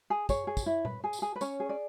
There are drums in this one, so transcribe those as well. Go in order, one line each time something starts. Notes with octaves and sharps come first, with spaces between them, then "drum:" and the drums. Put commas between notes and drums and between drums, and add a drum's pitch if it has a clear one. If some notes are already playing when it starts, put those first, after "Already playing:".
G#4
G#4 C#5, drum: kick, tambourine
G#4
drum: kick, tambourine
E4
B4, drum: tom A#2
G#4
drum: tambourine
G#4
B4
C#4 C#5, drum: tambourine
G#4
D5